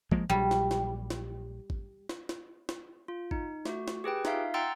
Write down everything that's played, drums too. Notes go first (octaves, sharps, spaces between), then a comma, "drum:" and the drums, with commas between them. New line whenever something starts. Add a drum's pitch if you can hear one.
F3 G#3 A#3, drum: kick G#1
A#1 F#3 G3
drum: snare
drum: snare
drum: snare
drum: kick G#1
drum: snare
drum: snare
drum: snare
F4
D#4, drum: kick G#1
A3 F#4, drum: snare
drum: snare
G4 G#4 B4 G5
D#4 F4 E5 F5, drum: snare
F#5 G5 A#5 C6 E6 A6